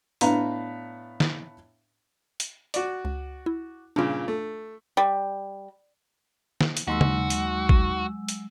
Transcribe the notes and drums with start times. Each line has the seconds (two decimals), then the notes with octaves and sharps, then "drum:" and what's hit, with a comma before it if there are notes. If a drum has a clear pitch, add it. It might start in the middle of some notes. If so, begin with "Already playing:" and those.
0.21 A2 B3 D4 F5 A#5, drum: hi-hat
1.20 drum: snare
2.40 drum: hi-hat
2.74 F#4 D5, drum: hi-hat
3.05 C#2
3.46 E4
3.96 G2 A#2 C#3 D4 F4
4.28 A3
4.97 G3
6.61 drum: snare
6.77 drum: hi-hat
6.87 D#2 F#3 G#3 D#4 F#4 C6 E6
7.01 drum: tom
7.30 drum: hi-hat
7.69 drum: kick G#1
8.28 drum: hi-hat